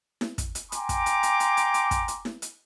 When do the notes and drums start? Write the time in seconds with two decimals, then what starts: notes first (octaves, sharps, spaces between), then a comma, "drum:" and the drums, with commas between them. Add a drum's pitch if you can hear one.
0.21 drum: snare E4
0.38 drum: kick, hi-hat
0.55 drum: hi-hat
0.72 G5 G#5 A#5 C6 D6, drum: hi-hat
0.89 drum: kick, hi-hat
1.06 drum: hi-hat
1.23 drum: hi-hat
1.40 drum: hi-hat
1.57 drum: hi-hat
1.74 drum: hi-hat
1.91 drum: kick, hi-hat
2.08 drum: hi-hat
2.25 drum: snare E4
2.42 drum: hi-hat